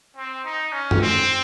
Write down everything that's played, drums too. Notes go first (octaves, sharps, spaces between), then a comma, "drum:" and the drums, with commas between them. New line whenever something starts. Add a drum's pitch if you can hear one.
C4
D#4
C#4
drum: tom F#2
C4